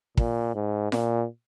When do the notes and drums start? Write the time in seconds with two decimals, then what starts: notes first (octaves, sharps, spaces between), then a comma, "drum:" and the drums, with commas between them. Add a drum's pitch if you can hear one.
0.17 A#2, drum: kick
0.55 G#2
0.92 A#2, drum: snare F4